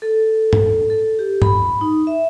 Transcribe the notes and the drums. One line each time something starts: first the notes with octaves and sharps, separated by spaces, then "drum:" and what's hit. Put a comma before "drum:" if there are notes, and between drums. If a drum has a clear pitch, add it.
A4
drum: tom
A4
G4
B5, drum: tom
D#4
E5